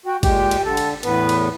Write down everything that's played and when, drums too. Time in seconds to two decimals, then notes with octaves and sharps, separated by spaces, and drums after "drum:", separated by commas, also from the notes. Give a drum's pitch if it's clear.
0.06 F#4 G5
0.23 A#2 G#3 G4 G5, drum: kick, cymbal
0.51 drum: cymbal
0.65 D3 A4
0.77 drum: cymbal
1.03 E2 A2 B3 B4, drum: cymbal
1.29 drum: cymbal